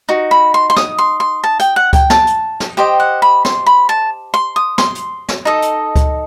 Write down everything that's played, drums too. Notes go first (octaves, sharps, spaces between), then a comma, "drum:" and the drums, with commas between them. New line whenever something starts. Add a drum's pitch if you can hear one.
D#4 F#4
B5
C6
C6
D#6, drum: snare
C6
C6
A5
G5, drum: hi-hat
F#5
G5, drum: kick C#2, hi-hat
A5, drum: snare
drum: hi-hat
drum: snare
G4 C5 D#5 G5
F#5
B5
C6, drum: snare
B5
A5
C6
D#6
C6, drum: snare
drum: hi-hat
drum: snare
D#4 A4 D#5
drum: hi-hat
drum: kick C#2, hi-hat